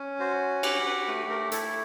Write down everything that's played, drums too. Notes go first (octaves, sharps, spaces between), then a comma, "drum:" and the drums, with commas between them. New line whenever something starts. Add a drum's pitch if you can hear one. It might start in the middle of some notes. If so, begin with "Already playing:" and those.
Already playing: C#4
F#4 C5
G4 B4, drum: cymbal
B4
A3 B4
A#4
E4 A4, drum: hi-hat